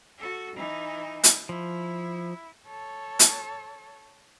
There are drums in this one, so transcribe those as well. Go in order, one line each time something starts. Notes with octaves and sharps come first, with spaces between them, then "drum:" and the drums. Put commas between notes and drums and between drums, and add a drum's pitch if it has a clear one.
F#4 A4
E3 D#4
drum: hi-hat
F3 E4
A4 C#5
drum: hi-hat